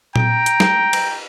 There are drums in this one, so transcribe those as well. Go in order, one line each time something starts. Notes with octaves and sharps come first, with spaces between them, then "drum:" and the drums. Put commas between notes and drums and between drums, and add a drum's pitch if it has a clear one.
G5 A#5, drum: tom A#2
drum: hi-hat
drum: snare
drum: cymbal